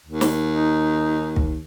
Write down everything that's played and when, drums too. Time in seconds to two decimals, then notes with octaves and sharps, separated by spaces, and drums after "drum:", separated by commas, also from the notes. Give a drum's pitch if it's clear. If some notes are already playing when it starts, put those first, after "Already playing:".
0.06 D#2
0.21 drum: snare
0.50 D#4
1.36 drum: kick